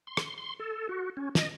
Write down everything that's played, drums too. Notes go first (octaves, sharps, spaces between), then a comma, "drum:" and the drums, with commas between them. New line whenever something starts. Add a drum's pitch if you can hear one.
C6
drum: rim click
C6
A4
F#4
C#4
D#5, drum: snare